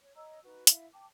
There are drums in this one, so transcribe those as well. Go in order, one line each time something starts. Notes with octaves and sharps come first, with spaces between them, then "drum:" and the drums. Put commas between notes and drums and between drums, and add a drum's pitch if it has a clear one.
C#5
C#5 D#5 A#5 E6
D#4 F#4 B4
E4 E5 F5, drum: hi-hat
G5 A5 D6